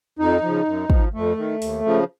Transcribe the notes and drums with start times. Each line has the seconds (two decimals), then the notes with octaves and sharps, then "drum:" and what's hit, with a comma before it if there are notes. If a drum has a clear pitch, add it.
0.19 F2 D#4
0.42 F3
0.48 C#3
0.66 F#2
0.90 F3, drum: kick
1.14 F2 A3
1.37 D#3
1.62 D#2, drum: open hi-hat
1.85 C#3 F3